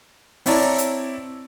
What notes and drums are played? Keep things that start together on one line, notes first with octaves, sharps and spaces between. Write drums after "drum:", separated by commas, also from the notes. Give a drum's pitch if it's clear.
C4 E4 C#5 D5 A5 A#5, drum: open hi-hat
drum: hi-hat